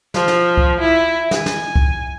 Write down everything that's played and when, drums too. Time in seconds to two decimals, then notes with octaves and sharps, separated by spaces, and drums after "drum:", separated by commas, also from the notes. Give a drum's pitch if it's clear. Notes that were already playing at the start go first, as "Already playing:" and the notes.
0.14 F3, drum: snare
0.28 drum: snare
0.57 drum: kick C2
0.80 E4
1.31 G#5, drum: snare
1.46 drum: snare
1.76 drum: kick C2